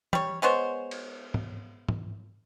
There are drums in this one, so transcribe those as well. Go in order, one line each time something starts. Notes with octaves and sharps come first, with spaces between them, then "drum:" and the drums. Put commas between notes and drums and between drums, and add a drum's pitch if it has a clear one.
G3 C#5, drum: tom
G#3 B3 C5 C#5
drum: cymbal
drum: tom
drum: tom